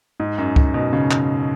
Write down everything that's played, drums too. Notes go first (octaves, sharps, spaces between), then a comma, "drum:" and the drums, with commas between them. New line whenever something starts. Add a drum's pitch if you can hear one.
G#2
F#2
drum: kick C#2
B2
C#3
drum: clap